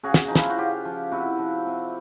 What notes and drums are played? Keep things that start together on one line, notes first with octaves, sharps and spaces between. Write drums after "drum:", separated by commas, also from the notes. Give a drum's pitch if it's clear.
C#3 F#4 G#4
drum: snare
F3 D#4
E4, drum: snare
F4
F#4
C#3 F4 G4
F3
C3 E4 F#4
F3
C3